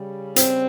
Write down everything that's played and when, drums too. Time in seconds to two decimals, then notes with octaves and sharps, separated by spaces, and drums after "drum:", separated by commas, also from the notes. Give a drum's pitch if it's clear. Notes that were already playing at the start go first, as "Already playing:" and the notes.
Already playing: C#3 G3
0.36 C4, drum: hi-hat